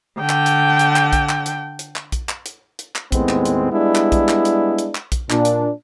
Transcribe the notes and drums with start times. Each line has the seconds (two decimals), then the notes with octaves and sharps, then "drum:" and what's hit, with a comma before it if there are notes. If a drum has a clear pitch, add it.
0.19 D3 G5
0.29 drum: clap
0.46 drum: hi-hat
0.79 drum: hi-hat
0.96 drum: clap
1.13 drum: kick A#1, hi-hat
1.29 drum: clap
1.46 drum: hi-hat
1.79 drum: hi-hat
1.96 drum: clap
2.12 drum: kick A#1, hi-hat
2.29 drum: clap
2.46 drum: hi-hat
2.79 drum: hi-hat
2.96 drum: clap
3.12 D#2 A2 G#3 B3 C4, drum: kick A#1, hi-hat
3.29 drum: clap
3.45 drum: hi-hat
3.72 G3 G#3 B3 D4 E4
3.95 drum: clap
4.12 drum: kick A#1, hi-hat
4.29 drum: clap
4.45 drum: hi-hat
4.79 drum: hi-hat
4.95 drum: clap
5.12 drum: kick A#1, hi-hat
5.30 A#2 D4, drum: clap
5.45 drum: hi-hat